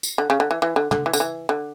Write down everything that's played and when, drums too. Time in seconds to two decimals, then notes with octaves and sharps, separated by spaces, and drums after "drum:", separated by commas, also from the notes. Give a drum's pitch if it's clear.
0.03 drum: tambourine
0.18 D3
0.30 C#3
0.40 D3
0.51 E3
0.62 E3
0.76 D3
0.91 D3, drum: tom
1.06 E3
1.13 D3, drum: tambourine
1.20 E3
1.49 D3